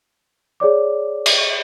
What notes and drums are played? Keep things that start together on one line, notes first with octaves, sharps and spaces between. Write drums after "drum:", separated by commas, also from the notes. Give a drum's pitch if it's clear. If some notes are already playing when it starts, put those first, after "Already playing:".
G#4 C#5 D5 D6
drum: cymbal